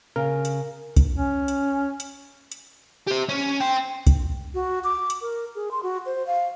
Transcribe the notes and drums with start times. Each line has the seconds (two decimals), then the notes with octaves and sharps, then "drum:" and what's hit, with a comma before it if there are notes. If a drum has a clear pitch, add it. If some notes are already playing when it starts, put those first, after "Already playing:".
0.16 C#3 A#4
0.45 drum: hi-hat
0.96 drum: kick C2, hi-hat
1.16 C#4
1.48 drum: hi-hat
2.00 drum: hi-hat
2.52 drum: hi-hat
3.07 G4 C5
3.29 C#4
3.60 C5 G5
4.07 drum: kick C2, hi-hat
4.54 F#4
4.84 D6
5.10 drum: hi-hat
5.21 A#4
5.55 G#4
5.71 C6
5.83 F#4
6.06 C5
6.27 F5